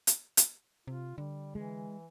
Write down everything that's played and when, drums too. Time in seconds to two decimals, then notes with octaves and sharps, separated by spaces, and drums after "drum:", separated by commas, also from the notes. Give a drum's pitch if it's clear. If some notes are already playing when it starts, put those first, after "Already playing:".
0.07 drum: hi-hat
0.37 drum: hi-hat
0.87 C3 F4
1.18 D3 G3
1.55 E3 G#3